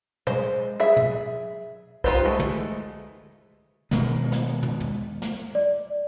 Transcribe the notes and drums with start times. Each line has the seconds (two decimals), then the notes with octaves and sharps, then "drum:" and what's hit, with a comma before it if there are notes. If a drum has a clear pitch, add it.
0.27 G#3 C5, drum: tom
0.80 G#4 E5
0.97 drum: tom
2.04 D#4 F4 G4 B4 C5, drum: kick B1
2.25 G#3 A3
2.40 drum: tom
3.91 B2 D#3 G#3, drum: snare
4.32 drum: snare
4.63 drum: tom
4.80 drum: tom
5.22 drum: snare
5.55 D5